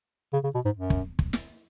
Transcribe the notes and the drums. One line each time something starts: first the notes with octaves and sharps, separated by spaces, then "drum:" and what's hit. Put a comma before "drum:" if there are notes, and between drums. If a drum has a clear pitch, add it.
C#3
C#3
B2
G#2
F#2
drum: kick
drum: kick
drum: snare